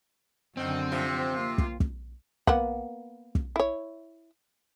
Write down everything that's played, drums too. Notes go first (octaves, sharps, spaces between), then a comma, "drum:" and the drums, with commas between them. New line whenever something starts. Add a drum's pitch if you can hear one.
F#2 D3 D#3 C4
C3 F3
A#3 F4
drum: kick
drum: kick
A#3 B3 F#5, drum: kick
drum: kick
E4 C#5